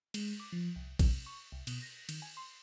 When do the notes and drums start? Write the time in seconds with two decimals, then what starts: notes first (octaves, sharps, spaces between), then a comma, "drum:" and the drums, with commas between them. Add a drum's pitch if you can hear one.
0.14 G#3, drum: cymbal
0.40 D6
0.52 F3
0.76 C2
0.99 C3, drum: kick A#1, cymbal
1.26 C#6
1.52 C2
1.67 B2, drum: cymbal
1.82 A#6
2.09 D#3, drum: cymbal
2.22 G#5
2.37 C6